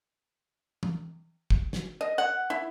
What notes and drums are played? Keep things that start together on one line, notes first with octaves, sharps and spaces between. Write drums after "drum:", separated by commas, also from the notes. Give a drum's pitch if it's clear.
drum: tom
drum: kick
drum: snare
D#5
F#5
E4